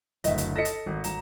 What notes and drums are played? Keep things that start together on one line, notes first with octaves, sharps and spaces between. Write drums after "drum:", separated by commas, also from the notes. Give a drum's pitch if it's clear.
F#1 D2 D#5 E5, drum: hi-hat
drum: hi-hat
A4 D#5 A#6 B6 C#7
drum: hi-hat
G#1
G#1 A#5 E7, drum: hi-hat